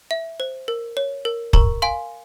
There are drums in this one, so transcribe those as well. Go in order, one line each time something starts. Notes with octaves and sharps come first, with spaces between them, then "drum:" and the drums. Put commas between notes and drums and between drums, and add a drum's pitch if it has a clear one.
E5
C5
A#4
C#5
A#4
A#4 A#5 C#6, drum: kick
F5 G#5 C6